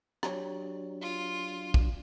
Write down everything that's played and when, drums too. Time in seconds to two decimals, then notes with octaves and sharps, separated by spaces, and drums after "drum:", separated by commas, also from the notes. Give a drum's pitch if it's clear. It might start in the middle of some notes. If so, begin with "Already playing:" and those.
0.23 F#3 D4 G4 C#5, drum: rim click
1.02 F4
1.74 drum: kick